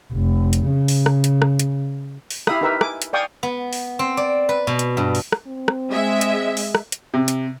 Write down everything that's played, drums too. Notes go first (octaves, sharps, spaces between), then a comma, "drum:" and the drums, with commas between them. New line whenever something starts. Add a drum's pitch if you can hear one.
F1
drum: hi-hat
C#3
drum: open hi-hat
drum: rim click
drum: hi-hat
drum: rim click
drum: hi-hat
drum: open hi-hat
E4 G4 E5 F5 B5 D#6, drum: rim click
D#4 G4 A#4 B4 E5
G#5 D6, drum: rim click
drum: hi-hat
D5 F5 G5 G#5 C#6 D#6
B3
drum: open hi-hat
C4
D5
B4
B2
drum: hi-hat
G2
drum: open hi-hat
drum: rim click
C4
drum: rim click
G#3 E5
drum: hi-hat
drum: open hi-hat
drum: rim click
drum: hi-hat
C3
drum: hi-hat